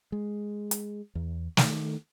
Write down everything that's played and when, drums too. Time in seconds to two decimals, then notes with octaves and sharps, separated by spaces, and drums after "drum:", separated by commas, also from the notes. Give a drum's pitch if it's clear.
0.12 G#3
0.71 drum: hi-hat
1.15 E2
1.57 D#3 A3, drum: snare